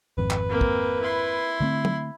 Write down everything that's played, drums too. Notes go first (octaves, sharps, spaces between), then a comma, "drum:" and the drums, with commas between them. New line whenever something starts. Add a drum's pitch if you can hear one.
G#1 F2 B4
drum: clap
A#3 C4
drum: kick
E4 C6
D3 A3 C4
drum: tom